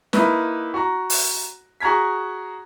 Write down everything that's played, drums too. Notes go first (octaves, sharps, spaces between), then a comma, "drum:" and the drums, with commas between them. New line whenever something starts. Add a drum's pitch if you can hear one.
A#3 D#4 E4 B4, drum: snare
F#4 A#5
drum: open hi-hat
F#4 G#4 A#5 G#6 B6